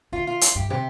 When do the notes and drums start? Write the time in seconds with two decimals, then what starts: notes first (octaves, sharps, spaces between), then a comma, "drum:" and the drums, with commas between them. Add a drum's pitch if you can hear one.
0.12 D3 F4
0.27 F4
0.41 drum: hi-hat
0.55 G2 G4
0.70 C3 G4